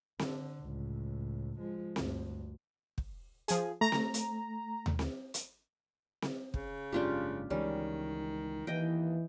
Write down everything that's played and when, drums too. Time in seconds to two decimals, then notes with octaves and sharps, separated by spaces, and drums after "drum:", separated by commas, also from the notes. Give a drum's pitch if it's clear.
0.19 D3, drum: snare C4
0.62 C#2 A2
1.59 F3 G#3
1.96 D2 G2, drum: snare C4
2.98 drum: kick
3.48 F3 G#4, drum: hi-hat
3.81 A3 A#5
3.92 drum: snare C4
4.14 drum: hi-hat
4.86 drum: tom D#2
4.99 drum: snare C4
5.34 drum: hi-hat
6.22 drum: snare C4
6.54 C#3, drum: kick
6.92 F#1 G#2 C#4 D4 F4 G4
7.50 C#2 D#3 E3 G3 G#3 C#4
8.67 D#2 E3 D#5 G5